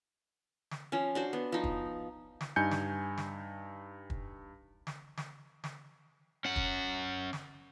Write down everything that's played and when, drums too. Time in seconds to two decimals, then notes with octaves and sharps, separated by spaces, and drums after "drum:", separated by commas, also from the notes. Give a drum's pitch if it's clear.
0.71 drum: snare
0.92 F3 C#4
1.15 D4 F#4 C5
1.33 B3
1.52 F3 D#4
1.64 drum: kick
2.41 drum: snare
2.56 G2 D#4 G#5 G6 C#7
2.71 drum: snare
3.18 drum: snare
4.10 drum: kick
4.87 drum: snare
5.18 drum: snare
5.64 drum: snare
6.45 C#4 F#5
6.56 drum: kick
7.33 drum: snare